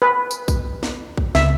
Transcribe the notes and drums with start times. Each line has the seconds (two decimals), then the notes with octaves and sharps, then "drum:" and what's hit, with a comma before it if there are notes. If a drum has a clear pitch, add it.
0.02 B4
0.31 drum: tambourine
0.48 drum: kick A#1, tambourine
0.83 drum: snare
1.17 drum: kick A#1
1.35 C#2 E5, drum: snare